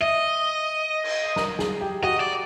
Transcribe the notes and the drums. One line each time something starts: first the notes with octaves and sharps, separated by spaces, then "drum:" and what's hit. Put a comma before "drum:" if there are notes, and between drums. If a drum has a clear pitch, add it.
D#5 E5
drum: cymbal
A#4, drum: snare
G#4, drum: snare
G4
F#4 D#5
D5